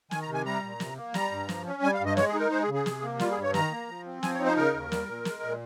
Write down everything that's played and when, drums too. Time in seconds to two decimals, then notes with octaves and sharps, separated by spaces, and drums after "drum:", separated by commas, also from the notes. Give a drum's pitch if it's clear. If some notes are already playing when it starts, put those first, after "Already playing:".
0.11 D#3 G#5, drum: snare
0.22 A#5
0.28 C3
0.34 G#5
0.46 G3 A#5
0.63 A#2
0.80 C3, drum: snare
0.97 A#3
1.14 G3 A#5, drum: snare
1.31 G2
1.49 F3, drum: snare
1.66 C#4
1.83 G3 G#5
1.94 F5
2.00 G2
2.06 D#5
2.17 G#3 C#5, drum: snare
2.29 G#4
2.34 D#4
2.40 A#4
2.51 G#3 C5
2.63 G#4
2.68 C#3
2.74 G#4
2.86 C3, drum: snare
3.02 A#3
3.19 G3 F4, drum: snare
3.31 G#4
3.37 G2
3.43 C#5
3.54 D#3 A#5, drum: snare
3.71 A#3
3.88 F3
4.06 C4
4.23 F3 G#5, drum: snare
4.34 C#5
4.39 D#4
4.46 C5
4.57 C#3 A#4
4.74 D#2
4.92 G3, drum: snare
5.08 A#2
5.25 G#3, drum: snare
5.43 A#2